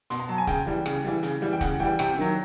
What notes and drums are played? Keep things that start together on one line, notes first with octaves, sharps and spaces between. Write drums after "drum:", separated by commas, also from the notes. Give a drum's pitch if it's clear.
B2 C6, drum: hi-hat
A#5
F#3 A5
G#5
C#3 G5, drum: kick, hi-hat
E3 G3
C#3, drum: rim click
E3 G3
C#3, drum: hi-hat
E3 G3
G5
C#3 F#5, drum: kick, hi-hat
E3 G3 G5
C3 G5, drum: rim click
D#3 F#3